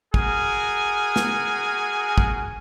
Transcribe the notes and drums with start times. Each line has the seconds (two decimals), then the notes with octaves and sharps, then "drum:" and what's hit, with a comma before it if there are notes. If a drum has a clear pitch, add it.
0.14 F#4 G#4 A#4 G#5, drum: kick
1.16 drum: snare
2.18 drum: kick